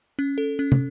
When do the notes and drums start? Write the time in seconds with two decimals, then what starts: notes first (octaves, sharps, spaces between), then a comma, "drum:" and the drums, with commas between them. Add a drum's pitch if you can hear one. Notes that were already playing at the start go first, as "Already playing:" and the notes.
0.19 C#4
0.38 A4
0.59 C#4
0.72 drum: tom